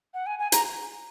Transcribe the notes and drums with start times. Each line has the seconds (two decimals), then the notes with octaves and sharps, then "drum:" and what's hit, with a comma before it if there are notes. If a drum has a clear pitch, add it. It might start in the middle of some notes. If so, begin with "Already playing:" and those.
0.14 F#5
0.26 G#5
0.39 G#5
0.52 A#5, drum: hi-hat